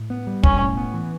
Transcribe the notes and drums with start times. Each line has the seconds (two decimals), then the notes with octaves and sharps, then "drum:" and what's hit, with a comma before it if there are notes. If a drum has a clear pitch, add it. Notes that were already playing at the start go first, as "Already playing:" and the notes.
Already playing: A2
0.10 B3
0.27 G3
0.43 B1 C#4, drum: kick
0.61 A2
0.77 B3
0.94 E3